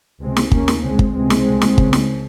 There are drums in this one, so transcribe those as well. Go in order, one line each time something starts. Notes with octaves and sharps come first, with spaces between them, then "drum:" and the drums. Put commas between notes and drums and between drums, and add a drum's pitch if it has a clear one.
C#2 C3 G#3 C4
drum: snare
D#2 C#3 A#3 C#4, drum: kick
drum: snare
C#2 C#3 G#3 C4
drum: kick
C#2 C3 G#3 C4
drum: snare
C2 A#2
drum: snare
C#2 C#3, drum: kick
drum: snare